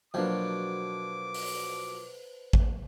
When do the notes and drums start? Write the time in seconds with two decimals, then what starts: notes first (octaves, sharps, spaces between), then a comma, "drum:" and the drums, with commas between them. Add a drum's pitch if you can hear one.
0.14 B2 F3 F#3 A#3 D4 B4 C5 D6
1.34 drum: open hi-hat
2.53 drum: kick G#1